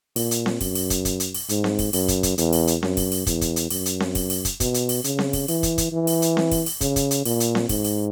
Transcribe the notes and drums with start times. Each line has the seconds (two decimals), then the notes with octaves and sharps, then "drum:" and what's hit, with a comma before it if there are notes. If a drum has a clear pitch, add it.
0.16 A#2, drum: open hi-hat
0.31 drum: hi-hat
0.46 drum: snare C4
0.61 F#2, drum: kick, open hi-hat
0.75 drum: open hi-hat
0.90 drum: kick, hi-hat
1.05 drum: kick, hi-hat
1.20 drum: hi-hat
1.34 drum: open hi-hat
1.49 G#2, drum: hi-hat
1.64 drum: snare C4
1.79 drum: kick, open hi-hat
1.93 F#2, drum: open hi-hat
2.08 drum: kick, hi-hat
2.23 drum: kick, hi-hat
2.38 E2, drum: hi-hat
2.53 drum: open hi-hat
2.67 drum: hi-hat
2.83 F#2, drum: snare C4
2.97 drum: kick, open hi-hat
3.12 drum: open hi-hat
3.27 E2, drum: kick, hi-hat
3.41 drum: kick, hi-hat
3.56 drum: hi-hat
3.70 F#2, drum: open hi-hat
3.86 drum: hi-hat
4.00 drum: snare C4
4.15 drum: kick, open hi-hat
4.30 drum: open hi-hat
4.45 drum: kick, hi-hat
4.60 B2, drum: kick, hi-hat
4.74 drum: hi-hat
4.89 drum: open hi-hat
5.04 C#3, drum: hi-hat
5.19 drum: snare C4
5.33 drum: kick, open hi-hat
5.48 E3, drum: open hi-hat
5.63 drum: kick, hi-hat
5.78 drum: kick, hi-hat
5.92 E3
6.07 drum: open hi-hat
6.22 drum: hi-hat
6.37 drum: snare C4
6.52 drum: kick, open hi-hat
6.66 drum: open hi-hat
6.81 C#3, drum: kick, hi-hat
6.96 drum: kick, hi-hat
7.11 drum: hi-hat
7.25 A#2, drum: open hi-hat
7.40 drum: hi-hat
7.55 drum: snare C4
7.69 G#2, drum: kick, open hi-hat
7.85 drum: open hi-hat